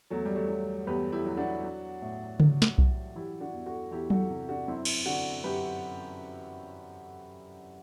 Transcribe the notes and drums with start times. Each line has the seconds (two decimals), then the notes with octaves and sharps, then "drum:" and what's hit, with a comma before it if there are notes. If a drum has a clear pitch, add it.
0.10 E2 F#3 A3
0.25 G3
0.36 F#3 A3
0.49 F#3
0.87 E2 G4 B4
1.12 E4 G4
1.25 F#3
1.37 D4 F#4
1.63 F#3
2.02 A2
2.40 F#3, drum: tom C#3
2.62 drum: snare
2.78 F#3, drum: kick B1
3.16 E3 E4 G4
3.40 D4 F#4
3.54 E2
3.66 F#4 A4
3.91 E2 E4 G4
4.10 F#4 A4, drum: tom F#3
4.30 C3
4.49 D4 F#4
4.68 F#2 C4 E4
4.85 drum: cymbal
5.06 D3 D4 F#4
5.44 F#2 G4 B4